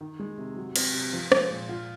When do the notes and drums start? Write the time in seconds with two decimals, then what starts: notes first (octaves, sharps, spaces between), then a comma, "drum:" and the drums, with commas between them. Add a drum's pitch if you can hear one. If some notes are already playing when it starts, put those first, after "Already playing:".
0.01 D#3
0.20 G#3
0.38 C3
0.57 F#3
0.76 C4, drum: cymbal
0.94 C3
1.13 F3
1.32 G#3, drum: rim click
1.50 A#2
1.69 F4